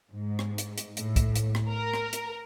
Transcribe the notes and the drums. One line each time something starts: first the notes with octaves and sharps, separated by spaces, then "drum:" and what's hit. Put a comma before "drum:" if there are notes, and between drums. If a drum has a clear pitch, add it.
G#2
drum: rim click
drum: hi-hat
drum: hi-hat
A2, drum: hi-hat
drum: kick, hi-hat
drum: hi-hat
drum: rim click
A#4
drum: rim click
drum: hi-hat